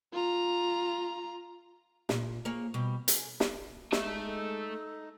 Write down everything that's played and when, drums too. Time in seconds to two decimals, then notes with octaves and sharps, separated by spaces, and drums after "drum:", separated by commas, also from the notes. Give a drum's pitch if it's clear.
0.13 F4 A#5
2.09 A#2, drum: snare
2.45 A#3 G#4 C#5
2.74 B2 G3
3.08 G#4, drum: hi-hat
3.40 drum: snare
3.92 G#3 A3 D#4 E5, drum: snare
4.25 A4